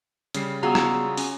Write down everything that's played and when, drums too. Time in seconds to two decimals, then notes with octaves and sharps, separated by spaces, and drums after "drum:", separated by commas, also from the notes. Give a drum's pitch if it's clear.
0.34 C#3 G3 C7, drum: hi-hat
0.63 B3 F4 F#4 G#4 A#5 E6
0.75 drum: rim click
1.18 C#4 G#5, drum: open hi-hat